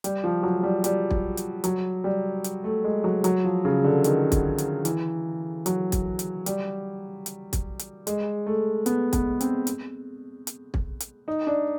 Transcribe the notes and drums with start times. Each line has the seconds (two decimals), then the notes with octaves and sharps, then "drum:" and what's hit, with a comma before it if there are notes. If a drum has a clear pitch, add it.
0.04 G3, drum: hi-hat
0.24 F3
0.43 F#3
0.63 G3
0.84 G3, drum: hi-hat
1.11 drum: kick
1.37 drum: hi-hat
1.64 F#3, drum: hi-hat
2.04 G3
2.44 drum: hi-hat
2.64 A3
2.84 G#3
3.04 F#3
3.24 F#3, drum: hi-hat
3.44 F3
3.65 C#3
3.84 D3
4.04 D#3, drum: hi-hat
4.32 drum: kick, hi-hat
4.58 drum: hi-hat
4.85 E3, drum: hi-hat
5.66 F#3, drum: hi-hat
5.92 drum: kick, hi-hat
6.19 drum: hi-hat
6.46 G3, drum: hi-hat
7.26 drum: hi-hat
7.53 drum: kick, hi-hat
7.79 drum: hi-hat
8.07 G#3, drum: hi-hat
8.46 A3
8.86 B3, drum: hi-hat
9.13 B3, drum: kick, hi-hat
9.41 C4, drum: hi-hat
9.67 drum: hi-hat
10.47 drum: hi-hat
10.74 drum: kick
11.00 drum: hi-hat
11.28 D#4
11.47 D4